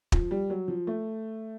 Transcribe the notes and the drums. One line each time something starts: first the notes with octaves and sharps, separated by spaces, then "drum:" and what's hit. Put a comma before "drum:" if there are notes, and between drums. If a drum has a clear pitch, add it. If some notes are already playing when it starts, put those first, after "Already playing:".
F3, drum: kick
G3
F#3
F3
A3